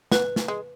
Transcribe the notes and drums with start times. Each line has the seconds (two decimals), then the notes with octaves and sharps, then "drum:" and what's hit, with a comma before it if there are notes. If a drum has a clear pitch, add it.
0.12 B3 B4, drum: snare
0.36 drum: snare
0.48 G#3